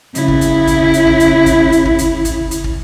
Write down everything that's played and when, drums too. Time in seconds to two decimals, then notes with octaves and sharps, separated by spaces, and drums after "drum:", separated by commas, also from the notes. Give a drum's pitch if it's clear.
0.15 C#3 E4, drum: hi-hat
0.28 drum: kick
0.41 drum: hi-hat
0.67 drum: kick, hi-hat
0.94 drum: hi-hat
1.07 drum: kick
1.20 drum: hi-hat
1.46 drum: kick, hi-hat
1.72 drum: hi-hat
1.85 drum: kick
1.99 drum: hi-hat
2.25 drum: kick, hi-hat
2.51 drum: hi-hat
2.64 drum: kick